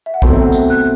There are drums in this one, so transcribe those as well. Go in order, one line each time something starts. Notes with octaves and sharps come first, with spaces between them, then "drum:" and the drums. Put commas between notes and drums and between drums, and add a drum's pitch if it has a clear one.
E5
F#5
B2 F#3 A3 C4 E4 E5 G5, drum: kick
drum: tambourine
F#6